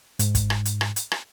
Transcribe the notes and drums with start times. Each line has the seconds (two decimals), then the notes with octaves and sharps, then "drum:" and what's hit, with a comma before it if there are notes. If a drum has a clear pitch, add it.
0.19 G#2, drum: hi-hat
0.35 drum: kick, hi-hat
0.50 drum: rim click
0.65 drum: hi-hat
0.81 drum: rim click
0.96 drum: hi-hat
1.12 drum: rim click